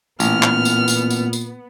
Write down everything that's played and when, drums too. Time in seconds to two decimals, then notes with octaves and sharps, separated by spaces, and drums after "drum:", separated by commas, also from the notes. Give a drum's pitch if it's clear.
0.20 A1 A#2 B3 F6, drum: tambourine
0.43 drum: clap
0.65 drum: tambourine
0.88 drum: tambourine
1.10 drum: tambourine
1.33 drum: tambourine